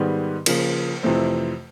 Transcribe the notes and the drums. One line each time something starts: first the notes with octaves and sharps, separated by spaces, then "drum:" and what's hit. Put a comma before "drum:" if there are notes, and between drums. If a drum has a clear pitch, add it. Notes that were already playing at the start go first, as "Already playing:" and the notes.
Already playing: G#2 D#3 G3 B3
C#3 F3 A#3, drum: cymbal
F2 C3 E3 A3 C4